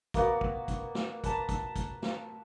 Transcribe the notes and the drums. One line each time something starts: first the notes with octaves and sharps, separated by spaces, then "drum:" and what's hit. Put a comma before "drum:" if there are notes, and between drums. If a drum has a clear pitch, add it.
A#3 B3 F#4 D5, drum: kick, hi-hat
drum: kick
drum: kick, hi-hat
drum: snare
B4 A5 A#5, drum: kick, hi-hat
drum: kick, hi-hat
drum: kick, hi-hat
drum: snare